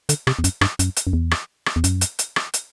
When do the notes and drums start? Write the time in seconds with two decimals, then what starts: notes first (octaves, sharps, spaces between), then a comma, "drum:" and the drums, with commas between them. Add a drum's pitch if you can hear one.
0.09 D3, drum: hi-hat
0.27 C3, drum: rim click
0.39 E2
0.44 F#2, drum: hi-hat
0.61 G2, drum: rim click
0.79 F#2, drum: hi-hat
0.96 drum: hi-hat
1.07 F#2
1.13 E2
1.31 drum: rim click
1.66 drum: rim click
1.76 E2
1.84 F#2, drum: hi-hat
2.01 drum: hi-hat
2.19 drum: hi-hat
2.36 drum: rim click
2.54 drum: hi-hat